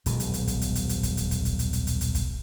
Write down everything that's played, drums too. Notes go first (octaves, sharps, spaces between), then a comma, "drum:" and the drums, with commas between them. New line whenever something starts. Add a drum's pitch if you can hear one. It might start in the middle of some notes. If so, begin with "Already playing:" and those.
D#1 B1 B2 G#3, drum: hi-hat
drum: hi-hat
drum: hi-hat
drum: kick, hi-hat
drum: hi-hat
drum: hi-hat
drum: hi-hat
drum: kick, hi-hat
drum: hi-hat
drum: kick, hi-hat
drum: hi-hat
drum: hi-hat
drum: hi-hat
drum: hi-hat
drum: hi-hat
drum: kick, hi-hat